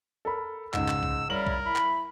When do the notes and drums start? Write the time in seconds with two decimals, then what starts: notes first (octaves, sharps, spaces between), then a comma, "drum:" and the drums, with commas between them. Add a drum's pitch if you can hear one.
0.25 A4 A#4 B5
0.74 C#2 G#2 E6, drum: clap
0.88 drum: clap
1.03 drum: kick
1.30 C#3 G3 E4 A#4 F#7
1.47 drum: kick
1.65 E4 B5
1.76 drum: clap